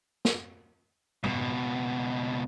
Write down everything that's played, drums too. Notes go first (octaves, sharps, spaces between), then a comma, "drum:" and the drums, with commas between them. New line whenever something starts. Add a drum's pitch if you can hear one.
drum: snare
C#2 B2, drum: tom G#2